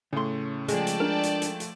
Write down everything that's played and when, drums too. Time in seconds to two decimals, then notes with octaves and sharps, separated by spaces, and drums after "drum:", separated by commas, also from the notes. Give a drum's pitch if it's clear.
0.13 A2 C#3 A3 C6
0.68 F3 G#3 A3 D5 G5 A5, drum: hi-hat
0.87 drum: hi-hat
1.00 D4 A#4
1.23 drum: hi-hat
1.42 drum: hi-hat
1.60 drum: hi-hat